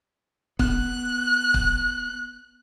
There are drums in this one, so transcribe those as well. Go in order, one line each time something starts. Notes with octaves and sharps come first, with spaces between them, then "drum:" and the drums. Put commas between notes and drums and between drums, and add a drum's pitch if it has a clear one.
B3 F#6, drum: kick
drum: kick